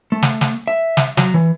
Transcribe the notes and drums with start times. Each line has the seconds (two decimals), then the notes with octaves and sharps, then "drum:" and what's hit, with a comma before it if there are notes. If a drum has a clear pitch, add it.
0.12 A3
0.22 drum: snare
0.41 drum: snare
0.68 E5
0.97 drum: snare
1.17 F#3, drum: snare
1.34 E3